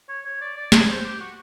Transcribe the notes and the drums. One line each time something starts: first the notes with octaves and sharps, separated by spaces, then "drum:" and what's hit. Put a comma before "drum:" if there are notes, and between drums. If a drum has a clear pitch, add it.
C#5
C#5
D5
D5
C#5, drum: snare
C5
G4
F#4